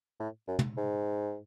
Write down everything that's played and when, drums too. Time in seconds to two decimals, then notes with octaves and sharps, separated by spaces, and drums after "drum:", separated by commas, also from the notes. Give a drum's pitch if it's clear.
0.20 A2
0.48 F#2
0.59 drum: tom
0.77 G#2